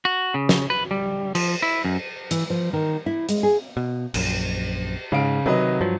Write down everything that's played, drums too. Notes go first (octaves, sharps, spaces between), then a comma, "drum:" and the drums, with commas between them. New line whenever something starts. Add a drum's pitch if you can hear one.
F#4
C#3
drum: snare
B4
G3
F3, drum: cymbal
E4
F#2
E3, drum: hi-hat
F3
D#3
E4
G#3, drum: hi-hat
G#4
B2
A#1 F#2, drum: cymbal
G#2 C#3 F5 D7
C3 D#3 F#3 B4 D#5
G2 F3 F#3